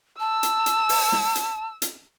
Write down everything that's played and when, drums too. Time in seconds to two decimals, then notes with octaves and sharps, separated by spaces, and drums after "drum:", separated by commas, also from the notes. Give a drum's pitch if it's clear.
0.20 A5 E6
0.43 drum: hi-hat
0.66 drum: hi-hat
0.89 drum: open hi-hat
1.12 drum: snare
1.35 drum: hi-hat
1.82 drum: hi-hat